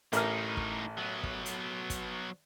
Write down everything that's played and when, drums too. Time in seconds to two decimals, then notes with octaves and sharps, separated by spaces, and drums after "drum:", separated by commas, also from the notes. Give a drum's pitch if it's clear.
0.13 A1 A2 D#4 A#4 F6, drum: hi-hat
0.57 drum: kick
0.98 F#3 B3
1.23 drum: kick
1.46 drum: hi-hat
1.90 drum: kick, hi-hat